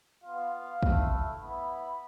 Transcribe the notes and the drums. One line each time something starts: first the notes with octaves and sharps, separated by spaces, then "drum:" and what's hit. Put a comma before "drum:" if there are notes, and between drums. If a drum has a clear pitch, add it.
B3 F4 F5
A3 E4, drum: kick
B3 E4 B5